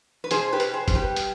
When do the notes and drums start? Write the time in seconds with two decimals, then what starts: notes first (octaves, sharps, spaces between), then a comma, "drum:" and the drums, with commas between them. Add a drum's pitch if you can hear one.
0.24 B4
0.31 B2 G#4 C5, drum: hi-hat
0.53 G4 B4
0.60 B2, drum: hi-hat
0.74 G#4 C5
0.88 G3, drum: kick, hi-hat
0.95 G4 B4
1.16 B2, drum: hi-hat